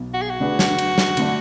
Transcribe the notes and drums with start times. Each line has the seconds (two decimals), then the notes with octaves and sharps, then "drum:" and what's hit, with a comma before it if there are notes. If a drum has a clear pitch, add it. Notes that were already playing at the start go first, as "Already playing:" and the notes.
Already playing: B1 B2 B3
0.14 F#4
0.21 G#4
0.30 F#4
0.40 D3 A3 D4 G#4 B4
0.59 drum: snare
0.78 drum: cymbal
0.98 drum: snare
1.17 D3 A3 D4, drum: cymbal